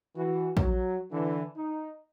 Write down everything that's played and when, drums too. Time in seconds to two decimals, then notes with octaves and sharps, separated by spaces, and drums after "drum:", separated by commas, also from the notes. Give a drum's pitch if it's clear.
0.16 E3 F#4
0.57 F#3, drum: kick
1.12 D3 E3
1.56 D#4